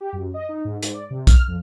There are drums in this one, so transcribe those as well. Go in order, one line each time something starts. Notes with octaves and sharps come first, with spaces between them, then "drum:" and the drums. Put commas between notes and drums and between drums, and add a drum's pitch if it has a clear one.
G4
F#2
D#5
D#4
G#2
G#2, drum: hi-hat
D5
C3
F6, drum: kick B1, hi-hat
F2